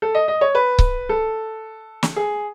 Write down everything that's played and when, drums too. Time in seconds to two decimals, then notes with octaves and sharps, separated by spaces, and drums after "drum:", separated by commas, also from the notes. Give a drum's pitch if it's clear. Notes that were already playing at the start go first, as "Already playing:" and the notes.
0.02 A4
0.15 D#5
0.28 D#5
0.41 C#5
0.55 B4
0.79 drum: kick C#1
1.09 A4
2.03 drum: snare
2.16 G#4